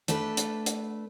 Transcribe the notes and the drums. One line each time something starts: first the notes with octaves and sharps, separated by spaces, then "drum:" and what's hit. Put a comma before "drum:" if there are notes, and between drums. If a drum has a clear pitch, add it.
A3 D4 A4 B4, drum: hi-hat
drum: hi-hat
drum: hi-hat